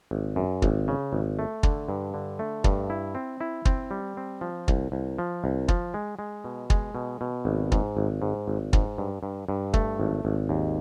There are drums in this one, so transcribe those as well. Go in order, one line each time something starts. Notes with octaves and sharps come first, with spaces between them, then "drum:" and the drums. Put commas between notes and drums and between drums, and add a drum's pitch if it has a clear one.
G#1
F#2
G#1, drum: kick
C#3
G#1
A3
D3, drum: kick
G2
D3
A3
G2, drum: kick
E4
C4
E4
C4, drum: kick
G3
C4
F3
C2, drum: kick
C2
F3
C2
F3, drum: kick
G#3
G#3
B2
G#3, drum: kick
B2
B2
G#1
G#2, drum: kick
G#1
G#2
G#1
G#2, drum: kick
G2
G2
G2
A3, drum: kick
G#1
G#1
D#2